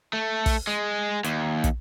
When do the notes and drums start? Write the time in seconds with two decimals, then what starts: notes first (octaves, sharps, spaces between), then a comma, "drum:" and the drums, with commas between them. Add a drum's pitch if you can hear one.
0.13 A3
0.46 drum: kick, open hi-hat
0.67 G#3
1.24 D#2, drum: hi-hat
1.64 drum: kick, hi-hat